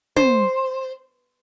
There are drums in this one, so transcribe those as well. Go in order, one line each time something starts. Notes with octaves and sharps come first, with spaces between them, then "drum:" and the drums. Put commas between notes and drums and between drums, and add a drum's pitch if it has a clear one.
C5, drum: tom